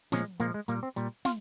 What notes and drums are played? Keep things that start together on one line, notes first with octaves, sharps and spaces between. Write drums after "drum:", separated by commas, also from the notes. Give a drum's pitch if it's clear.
A#2 F3 G#3 C#4, drum: snare
A#2 F3 G#3 A#3, drum: hi-hat
G#3
A#2 G3 A#3, drum: hi-hat
C4
A#2 G3, drum: hi-hat
F4, drum: snare